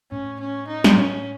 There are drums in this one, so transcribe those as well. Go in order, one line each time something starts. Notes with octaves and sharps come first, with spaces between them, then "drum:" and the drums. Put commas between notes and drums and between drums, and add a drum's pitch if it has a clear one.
A2 C#4
C#4
D#4
drum: snare
A2 C#4